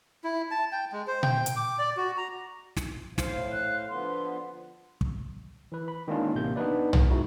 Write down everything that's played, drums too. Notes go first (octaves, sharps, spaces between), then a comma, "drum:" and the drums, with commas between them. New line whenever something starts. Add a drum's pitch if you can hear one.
E4
A5
G5
G#3
C5
G5, drum: tom A#2
drum: hi-hat
D6
D5
F#4
A#5
drum: snare
A2 C5 F5, drum: snare
F#6
D3 F3 B3 C6
drum: kick
E3 B4
B5
D#3 G#3 A#3 C#4 D4 F4
A1 C3 A#3 G6
B3 D4 D#4 B4 D5
drum: tom
G#3 D#4 E4 F#4